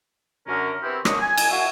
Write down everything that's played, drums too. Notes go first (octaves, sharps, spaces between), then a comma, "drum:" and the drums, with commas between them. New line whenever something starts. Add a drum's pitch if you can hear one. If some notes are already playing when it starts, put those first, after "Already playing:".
F#2 D3 C#4 A#4
B3 C4 E4 G4
F#2 D3 D#5 C#6, drum: rim click
G#5
drum: cymbal
F#4 E5 F5 G#5